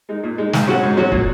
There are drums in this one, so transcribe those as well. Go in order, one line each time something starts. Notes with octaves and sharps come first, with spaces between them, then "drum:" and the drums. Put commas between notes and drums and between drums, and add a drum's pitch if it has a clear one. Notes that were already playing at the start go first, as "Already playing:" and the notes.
G#3 D#4
A#2
G#3 D#4
G#2, drum: snare
F#3 C#4 F#4
G#2
F#3 C#4 F#4
A#2, drum: kick